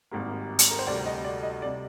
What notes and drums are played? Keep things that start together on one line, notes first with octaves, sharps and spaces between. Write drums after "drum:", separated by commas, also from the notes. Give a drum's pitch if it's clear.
G#1 G#2 G3 A#3
drum: hi-hat
A#4
C5
D2 C3 G3 D5
D#5
D5
D#5
C3 G3 D5